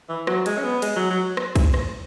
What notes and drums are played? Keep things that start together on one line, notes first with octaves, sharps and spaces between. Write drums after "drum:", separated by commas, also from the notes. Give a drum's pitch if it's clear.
E3
F#3, drum: rim click
G#3, drum: cymbal
C#4
B3
G#3, drum: cymbal
F#3
F#3
drum: rim click
drum: kick, cymbal
drum: rim click